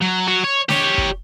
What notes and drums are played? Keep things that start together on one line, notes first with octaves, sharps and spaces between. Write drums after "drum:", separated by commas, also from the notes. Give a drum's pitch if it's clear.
F#3
F#3 F#4
C#5
G4 C#5, drum: snare
drum: kick